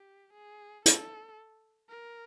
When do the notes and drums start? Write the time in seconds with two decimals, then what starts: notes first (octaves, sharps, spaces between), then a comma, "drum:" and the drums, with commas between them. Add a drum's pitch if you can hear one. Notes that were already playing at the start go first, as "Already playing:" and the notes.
Already playing: G4
0.33 G#4
0.86 A4, drum: hi-hat
1.89 A#4